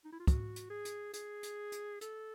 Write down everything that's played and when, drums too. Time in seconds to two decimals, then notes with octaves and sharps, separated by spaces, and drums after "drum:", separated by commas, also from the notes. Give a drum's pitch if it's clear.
0.05 D#4
0.12 E4
0.20 F4
0.27 F#4, drum: kick, hi-hat
0.56 drum: hi-hat
0.70 G#4
0.85 drum: hi-hat
1.13 G#4, drum: hi-hat
1.43 drum: hi-hat
1.72 drum: hi-hat
2.01 A4, drum: hi-hat